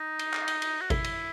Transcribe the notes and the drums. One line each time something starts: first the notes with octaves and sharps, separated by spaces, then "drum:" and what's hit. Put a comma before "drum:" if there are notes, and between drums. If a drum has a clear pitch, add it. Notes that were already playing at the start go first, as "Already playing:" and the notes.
Already playing: D#4
drum: cymbal
drum: clap
drum: cymbal
drum: cymbal
F#4
E4, drum: kick G#1, cymbal
drum: cymbal